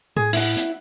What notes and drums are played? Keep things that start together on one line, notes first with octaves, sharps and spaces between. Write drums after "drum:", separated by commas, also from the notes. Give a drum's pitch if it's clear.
A2 G#4
E4 F#5, drum: open hi-hat
drum: hi-hat